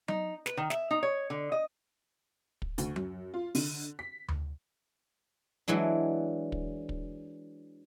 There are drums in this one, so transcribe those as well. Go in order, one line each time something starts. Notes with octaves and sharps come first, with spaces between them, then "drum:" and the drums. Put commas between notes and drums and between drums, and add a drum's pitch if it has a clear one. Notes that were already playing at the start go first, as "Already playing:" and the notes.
D#4, drum: tom F#3
B4, drum: snare
D#3
E5, drum: snare
D#4
C#5
D3
D#5
drum: kick
D2, drum: hi-hat
F#2, drum: tom F#3
F4
D3, drum: open hi-hat
B6
drum: tom D2
E3 F#3 G#3 D4
drum: kick
drum: kick